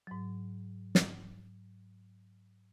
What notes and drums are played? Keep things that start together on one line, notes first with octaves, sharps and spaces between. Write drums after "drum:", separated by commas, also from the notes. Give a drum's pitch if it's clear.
G#2 F#3
drum: snare